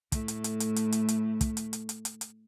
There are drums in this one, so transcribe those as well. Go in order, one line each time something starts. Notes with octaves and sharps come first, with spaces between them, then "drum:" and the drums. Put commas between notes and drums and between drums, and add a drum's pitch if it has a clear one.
A2 A3, drum: kick, hi-hat
drum: hi-hat
drum: hi-hat
drum: hi-hat
drum: hi-hat
drum: hi-hat
drum: hi-hat
drum: kick, hi-hat
drum: hi-hat
drum: hi-hat
drum: hi-hat
drum: hi-hat
drum: hi-hat